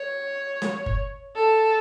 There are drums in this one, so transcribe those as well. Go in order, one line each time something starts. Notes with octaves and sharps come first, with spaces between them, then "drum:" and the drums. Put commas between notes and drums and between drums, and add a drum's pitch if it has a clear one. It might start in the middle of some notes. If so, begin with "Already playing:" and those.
Already playing: C#5
drum: snare
drum: kick
A4